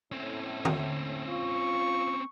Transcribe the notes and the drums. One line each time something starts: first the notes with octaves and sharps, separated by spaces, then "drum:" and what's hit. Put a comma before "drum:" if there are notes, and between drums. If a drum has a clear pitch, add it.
A2 C4 C#4
drum: tom
F4 C#6